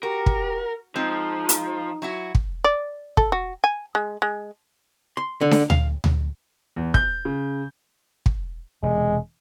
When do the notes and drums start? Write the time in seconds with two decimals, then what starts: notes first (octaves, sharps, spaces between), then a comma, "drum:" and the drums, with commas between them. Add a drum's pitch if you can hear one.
0.03 F#4 G4 A#4
0.26 drum: kick
0.96 F3 G#3 C4 D#4
1.49 drum: hi-hat
2.02 F#3 E4 F#4
2.35 drum: kick
2.64 D5
3.17 A4, drum: kick
3.32 F#4
3.64 G#5
3.95 G#3
4.22 G#3
5.17 C6
5.41 D3
5.51 drum: snare D4
5.70 F5, drum: tom D2
6.04 drum: tom D2
6.76 E2
6.94 G6, drum: kick
7.25 C#3
8.26 drum: kick
8.83 E1 C3 G#3